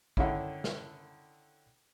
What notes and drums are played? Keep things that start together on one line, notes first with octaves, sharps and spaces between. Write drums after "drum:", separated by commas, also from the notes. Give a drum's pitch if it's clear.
D3 D#3 C#4 E4, drum: kick
drum: snare